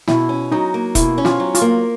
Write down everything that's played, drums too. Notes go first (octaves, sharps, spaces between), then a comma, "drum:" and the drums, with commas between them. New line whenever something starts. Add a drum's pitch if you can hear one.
B2 E4, drum: snare
C#4
F#3 D#4
A#3
B2 E4, drum: kick E1, hi-hat
C#4
F4, drum: snare
F#3
F4, drum: hi-hat
A#3